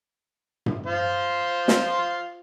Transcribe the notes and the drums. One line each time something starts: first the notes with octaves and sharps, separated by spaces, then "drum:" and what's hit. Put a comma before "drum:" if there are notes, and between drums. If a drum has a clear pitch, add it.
drum: tom G2
F4 C5
drum: snare